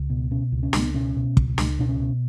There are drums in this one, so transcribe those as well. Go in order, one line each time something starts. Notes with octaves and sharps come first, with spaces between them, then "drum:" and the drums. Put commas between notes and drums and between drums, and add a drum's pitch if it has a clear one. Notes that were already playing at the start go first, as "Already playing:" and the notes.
Already playing: C#2
B2
B2 C#4
C#2
C#4
C#2, drum: snare
B3
B2 C#4
B2
C#2, drum: kick
C#2, drum: snare
B2 D4
C#4
B2